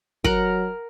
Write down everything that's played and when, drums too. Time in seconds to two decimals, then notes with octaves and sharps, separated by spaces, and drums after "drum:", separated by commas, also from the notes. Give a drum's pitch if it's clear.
0.24 F#3 A#4 F#5, drum: kick